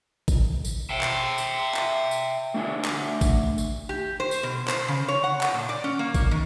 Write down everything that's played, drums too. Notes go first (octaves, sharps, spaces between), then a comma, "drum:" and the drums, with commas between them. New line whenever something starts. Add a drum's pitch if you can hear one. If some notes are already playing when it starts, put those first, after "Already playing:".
drum: kick G#1, tambourine
drum: tambourine
E5 G5
drum: clap
drum: tambourine
drum: clap
drum: tambourine
A3 D4 E5 G#5
drum: clap
drum: kick G#1, tambourine
drum: tambourine
G4
C5
drum: tambourine
B2
C5, drum: clap
C#3
C#5
F#5
drum: clap
A#2
D5
C#4
A#3
drum: kick G#1, tambourine
D#3